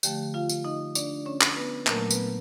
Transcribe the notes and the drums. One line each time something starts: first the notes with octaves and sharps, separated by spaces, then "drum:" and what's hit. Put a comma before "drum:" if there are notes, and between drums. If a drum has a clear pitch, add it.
D3 F3 A3 G4 G5, drum: tambourine
F4 F5
drum: tambourine
D#4 D#5
D4 D5, drum: tambourine
C#4 C#5
drum: clap
B3 B4
A#2 F#3 A3 A#3 A#4, drum: clap
B3 B4, drum: tambourine